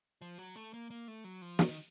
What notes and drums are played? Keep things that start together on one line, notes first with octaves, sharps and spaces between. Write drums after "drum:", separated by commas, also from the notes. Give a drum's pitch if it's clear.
F3
F#3
A3
A#3
A#3
A3
F#3
F3
D#3, drum: snare
D#3